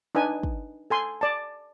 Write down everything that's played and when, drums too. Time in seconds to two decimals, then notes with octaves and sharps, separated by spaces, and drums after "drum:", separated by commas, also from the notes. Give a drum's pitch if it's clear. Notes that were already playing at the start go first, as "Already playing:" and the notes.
0.15 D4 D#4 B4 G#5
0.43 drum: kick
0.90 A4 G#5 C6
1.21 D5 A5